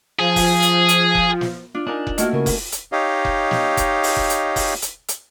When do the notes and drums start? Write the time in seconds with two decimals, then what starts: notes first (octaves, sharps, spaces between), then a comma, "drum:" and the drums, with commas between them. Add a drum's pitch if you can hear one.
0.19 F3 G#4
0.36 drum: kick F1, open hi-hat
0.62 drum: hi-hat
0.89 drum: hi-hat
1.15 drum: kick F1
1.41 drum: snare
1.75 D4 F4
1.87 D4 D#4 A#4 F5 G#5
2.07 drum: kick F1
2.18 A3 A#3 E4 F#4 D#5 F6, drum: hi-hat
2.33 C#3 A#4
2.46 drum: kick F1, open hi-hat
2.72 drum: hi-hat
2.92 D#4 G4 C#5 D#5 F5
3.25 drum: kick F1
3.51 drum: snare
3.77 drum: kick F1, hi-hat
4.03 drum: open hi-hat
4.17 drum: kick F1
4.30 drum: hi-hat
4.56 drum: kick F1, open hi-hat
4.82 drum: hi-hat
5.08 drum: hi-hat